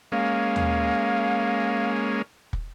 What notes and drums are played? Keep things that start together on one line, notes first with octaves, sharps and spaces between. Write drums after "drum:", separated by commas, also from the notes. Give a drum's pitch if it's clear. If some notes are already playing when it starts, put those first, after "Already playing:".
G#3 A#3 C#4 F5
drum: tom
drum: kick